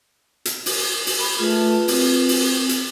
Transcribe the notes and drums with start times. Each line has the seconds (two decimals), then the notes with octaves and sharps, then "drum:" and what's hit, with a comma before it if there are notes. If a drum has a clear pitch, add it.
0.45 drum: hi-hat
0.66 drum: open hi-hat
1.06 drum: open hi-hat
1.19 B5
1.39 A3 F4 G#4 B4
1.88 C4, drum: open hi-hat
2.28 drum: open hi-hat
2.69 drum: hi-hat